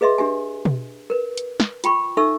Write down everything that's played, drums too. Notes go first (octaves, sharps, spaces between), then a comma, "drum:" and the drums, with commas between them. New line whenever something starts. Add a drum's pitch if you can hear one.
G#4 B4 D#5 E5 C6
D4 G4 E5 G#5
drum: tom B2
A#4 B4
drum: hi-hat
drum: snare
F4 G5 B5 C#6, drum: hi-hat
D#4 A4 E5 C#6 E6